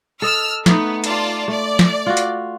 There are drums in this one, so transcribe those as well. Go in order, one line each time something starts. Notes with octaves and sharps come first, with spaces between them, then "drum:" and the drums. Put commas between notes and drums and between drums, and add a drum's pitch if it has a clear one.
A4 D#5 E6 F6
A3 B3 D#4, drum: snare
F4 D5 A5, drum: hi-hat
A3 D5
drum: snare
F4 F#4
drum: hi-hat